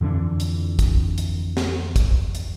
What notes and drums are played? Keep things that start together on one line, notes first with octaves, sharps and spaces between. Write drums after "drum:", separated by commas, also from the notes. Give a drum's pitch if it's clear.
F2 D3 E3 D4
drum: hi-hat
drum: kick, hi-hat
drum: hi-hat
drum: snare
drum: kick, hi-hat
drum: hi-hat